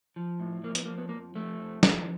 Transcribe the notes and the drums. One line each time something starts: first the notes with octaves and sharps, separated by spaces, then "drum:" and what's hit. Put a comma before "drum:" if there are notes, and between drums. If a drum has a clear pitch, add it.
F3
A2
F3 A#3
B3, drum: hi-hat
F3 A#3
B3
F2 A#3
F3 A3
F2
F3, drum: snare